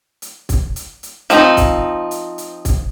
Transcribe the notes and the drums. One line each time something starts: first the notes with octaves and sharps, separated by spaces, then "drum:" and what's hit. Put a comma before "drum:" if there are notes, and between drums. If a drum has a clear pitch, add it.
drum: hi-hat
drum: kick, hi-hat
drum: hi-hat
drum: hi-hat
F3 C4 D#4, drum: hi-hat
drum: kick, hi-hat
drum: hi-hat
drum: hi-hat
drum: kick, hi-hat